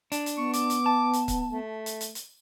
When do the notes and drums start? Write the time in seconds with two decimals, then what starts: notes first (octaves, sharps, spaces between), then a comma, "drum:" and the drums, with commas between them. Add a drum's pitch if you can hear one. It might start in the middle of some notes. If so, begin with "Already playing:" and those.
0.12 D4, drum: hi-hat
0.26 drum: hi-hat
0.38 B3 C#6
0.53 D6, drum: hi-hat
0.70 drum: hi-hat
0.86 A5
1.13 drum: hi-hat
1.28 drum: kick C#1, hi-hat
1.49 A3
1.86 drum: hi-hat
2.01 drum: hi-hat
2.15 drum: hi-hat